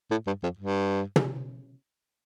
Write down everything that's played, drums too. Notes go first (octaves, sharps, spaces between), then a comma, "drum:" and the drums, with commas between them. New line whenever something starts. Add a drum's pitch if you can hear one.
A2
G2
F2
G2
drum: tom